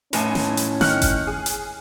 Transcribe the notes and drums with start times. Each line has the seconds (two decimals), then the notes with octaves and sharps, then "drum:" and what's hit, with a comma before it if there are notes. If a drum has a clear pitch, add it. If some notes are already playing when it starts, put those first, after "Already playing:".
0.13 F1 A2 C#4 G#5, drum: hi-hat
0.35 drum: snare
0.57 drum: hi-hat
0.81 D#3 F6 F#6 C#7, drum: snare
1.02 drum: kick G1, hi-hat
1.27 G#4
1.46 drum: hi-hat